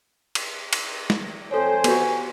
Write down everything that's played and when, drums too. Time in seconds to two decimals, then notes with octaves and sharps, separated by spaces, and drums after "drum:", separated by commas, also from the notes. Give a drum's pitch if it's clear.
0.35 drum: cymbal
0.73 drum: cymbal
1.10 drum: snare
1.51 F2 A4 C5 C#5 G#5
1.84 B3 F#4 G4, drum: cymbal